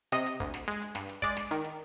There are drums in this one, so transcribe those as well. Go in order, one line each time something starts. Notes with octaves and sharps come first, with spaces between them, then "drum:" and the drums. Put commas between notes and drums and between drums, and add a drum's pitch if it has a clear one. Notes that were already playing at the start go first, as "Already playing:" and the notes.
C3 D#5, drum: snare
drum: hi-hat
D2, drum: kick
drum: snare
G#3, drum: hi-hat
drum: hi-hat
G2, drum: snare
drum: hi-hat
G#3 D5, drum: kick
drum: snare
D#3, drum: hi-hat
drum: hi-hat